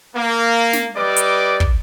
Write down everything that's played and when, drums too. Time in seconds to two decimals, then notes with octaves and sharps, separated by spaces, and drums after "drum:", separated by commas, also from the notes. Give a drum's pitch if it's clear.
0.15 A#3
0.73 drum: snare
0.95 G3 B4 D5 D#5 D6
1.17 drum: hi-hat
1.60 drum: kick